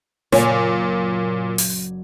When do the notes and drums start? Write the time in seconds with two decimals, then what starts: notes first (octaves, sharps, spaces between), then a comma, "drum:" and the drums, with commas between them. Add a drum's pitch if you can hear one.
0.32 F#1 A#2 F#3 C#5 D5 G#5, drum: snare
1.58 drum: open hi-hat